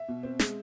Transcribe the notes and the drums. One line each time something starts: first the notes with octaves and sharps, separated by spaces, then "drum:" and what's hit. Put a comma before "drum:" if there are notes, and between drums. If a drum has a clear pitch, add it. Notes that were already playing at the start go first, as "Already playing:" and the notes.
Already playing: E5
B2
C4
G#3, drum: snare